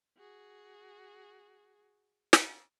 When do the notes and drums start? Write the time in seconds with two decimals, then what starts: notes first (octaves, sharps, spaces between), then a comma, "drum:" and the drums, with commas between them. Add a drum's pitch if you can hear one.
0.17 F#4 G#4
2.33 drum: snare